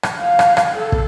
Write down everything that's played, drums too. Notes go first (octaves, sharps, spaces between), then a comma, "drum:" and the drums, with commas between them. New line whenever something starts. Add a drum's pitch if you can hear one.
drum: rim click
F5
drum: rim click
drum: rim click
A4
drum: kick